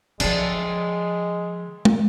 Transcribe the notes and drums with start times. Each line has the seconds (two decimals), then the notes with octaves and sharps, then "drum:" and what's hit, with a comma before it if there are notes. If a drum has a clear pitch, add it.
0.20 D3 F3 G#3 D4 G#4, drum: cymbal
1.85 drum: tom